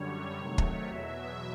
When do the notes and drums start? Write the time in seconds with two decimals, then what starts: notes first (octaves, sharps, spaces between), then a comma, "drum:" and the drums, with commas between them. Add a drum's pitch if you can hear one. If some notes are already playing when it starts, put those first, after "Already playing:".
Already playing: F#2 D3 G3 C#5
0.39 C3 D#3 F#3 A3 C#5
0.58 drum: kick
0.88 E2 B2 F#3 E5